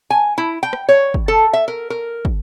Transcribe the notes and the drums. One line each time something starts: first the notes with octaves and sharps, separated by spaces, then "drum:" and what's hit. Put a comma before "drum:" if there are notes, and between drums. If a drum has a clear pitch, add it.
G#5
E4
G5
drum: rim click
C#5
drum: kick
A4
E5
A#4
A#4
drum: kick